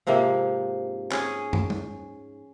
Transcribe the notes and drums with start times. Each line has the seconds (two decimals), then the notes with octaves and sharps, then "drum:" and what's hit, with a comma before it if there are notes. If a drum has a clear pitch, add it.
0.07 G#2 C3 F3 A#3
1.12 C#4 G#4, drum: clap
1.53 drum: tom
1.70 drum: tom G3